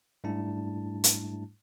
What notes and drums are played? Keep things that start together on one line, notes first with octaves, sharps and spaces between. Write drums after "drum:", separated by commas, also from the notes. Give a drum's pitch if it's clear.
G#2 G3 A3 D4 E4 A5
drum: hi-hat